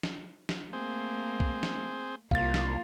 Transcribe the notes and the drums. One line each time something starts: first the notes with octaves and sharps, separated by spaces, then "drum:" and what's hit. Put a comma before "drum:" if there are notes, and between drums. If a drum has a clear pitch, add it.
drum: snare
drum: snare
A3 A#3 C4 G#4 C5
drum: kick C2
drum: snare
C2 A#3 F4 F5 A6, drum: kick C2
drum: snare